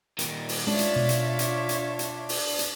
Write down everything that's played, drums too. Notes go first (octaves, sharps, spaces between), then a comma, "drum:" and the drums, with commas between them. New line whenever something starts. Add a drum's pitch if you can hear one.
A#2 D#3, drum: hi-hat
drum: open hi-hat
G#3 C#4 D4 F4 C#5 E5
drum: hi-hat
B2
drum: hi-hat
drum: hi-hat
drum: hi-hat
drum: hi-hat
drum: open hi-hat
drum: hi-hat